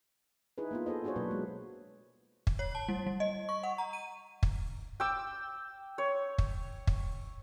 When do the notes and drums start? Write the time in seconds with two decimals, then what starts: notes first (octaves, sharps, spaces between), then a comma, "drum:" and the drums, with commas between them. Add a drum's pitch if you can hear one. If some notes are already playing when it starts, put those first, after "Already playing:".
0.58 D#4 E4 G#4 B4
0.71 A#3 B3 F4
0.86 G#4 A4 C5 D#5
1.04 D4 F#4 G#4 C5 C#5
1.16 B2 F#3 A#3 B4
1.31 G#3
2.47 drum: kick
2.59 C#5
2.75 A5
2.89 G3
3.07 G3
3.20 D#5
3.49 C#6
3.63 F#5
3.78 A#5
3.93 D#7
4.43 drum: kick
5.00 G5 D6 E6
5.98 C#5
6.38 drum: kick
6.87 drum: kick